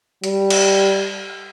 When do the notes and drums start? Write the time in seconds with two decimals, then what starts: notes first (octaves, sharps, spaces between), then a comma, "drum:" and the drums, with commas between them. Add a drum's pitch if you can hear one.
0.24 G3, drum: hi-hat
0.50 drum: cymbal